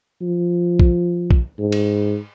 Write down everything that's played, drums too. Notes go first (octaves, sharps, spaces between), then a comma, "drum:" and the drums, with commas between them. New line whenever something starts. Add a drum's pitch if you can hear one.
F3
drum: kick B1
drum: kick B1
G#2
drum: cymbal